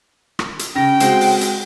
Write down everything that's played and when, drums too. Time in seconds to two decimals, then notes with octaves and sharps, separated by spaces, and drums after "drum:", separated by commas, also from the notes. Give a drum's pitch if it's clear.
0.39 drum: rim click
0.59 drum: hi-hat
0.75 C#3 G5 A#6
1.00 G#3 C4 F#4, drum: hi-hat
1.21 drum: open hi-hat
1.41 drum: hi-hat